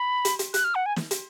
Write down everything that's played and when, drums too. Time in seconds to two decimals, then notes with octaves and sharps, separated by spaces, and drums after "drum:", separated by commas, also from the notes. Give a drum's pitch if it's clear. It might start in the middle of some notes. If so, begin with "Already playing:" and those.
Already playing: B5
0.25 drum: hi-hat
0.39 drum: hi-hat
0.54 F#6, drum: hi-hat
0.64 F6
0.75 F#5
0.86 G#5
0.96 drum: snare
1.11 drum: hi-hat